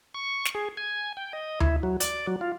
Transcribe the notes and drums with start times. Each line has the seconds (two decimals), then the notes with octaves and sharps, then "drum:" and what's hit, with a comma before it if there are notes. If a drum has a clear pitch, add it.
0.14 C#6
0.45 drum: snare
0.55 G#4
0.77 G#5
1.17 G5
1.33 D#5
1.60 E4, drum: tom D2
1.83 F#3
2.00 D5, drum: hi-hat
2.27 F#3
2.41 F4